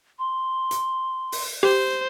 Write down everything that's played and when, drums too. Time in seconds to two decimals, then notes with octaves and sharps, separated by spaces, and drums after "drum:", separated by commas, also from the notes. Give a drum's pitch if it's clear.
0.19 C6
0.71 drum: hi-hat
1.32 drum: open hi-hat
1.63 G4 C5